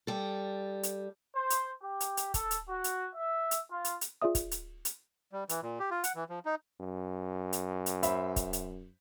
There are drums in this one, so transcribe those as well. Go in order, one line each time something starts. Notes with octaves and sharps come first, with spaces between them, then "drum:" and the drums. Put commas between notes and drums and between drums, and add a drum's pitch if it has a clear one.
G3 A4
drum: hi-hat
C5
drum: hi-hat
G4
drum: hi-hat
drum: hi-hat
A4, drum: kick, hi-hat
drum: hi-hat
F#4
drum: hi-hat
E5
drum: hi-hat
F4
drum: hi-hat
drum: hi-hat
F4 G#4 D5 E5 D#6
drum: kick, hi-hat
drum: hi-hat
drum: hi-hat
G3
E3, drum: hi-hat
A#2
G4
F4
F#5, drum: hi-hat
E3
F3
D#4
F#2
drum: hi-hat
drum: hi-hat
C5 E5 B5, drum: hi-hat
drum: kick, hi-hat
drum: hi-hat